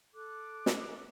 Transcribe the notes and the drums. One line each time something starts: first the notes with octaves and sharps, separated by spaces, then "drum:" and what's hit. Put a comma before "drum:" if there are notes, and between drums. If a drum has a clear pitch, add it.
A4 D6 F#6
drum: snare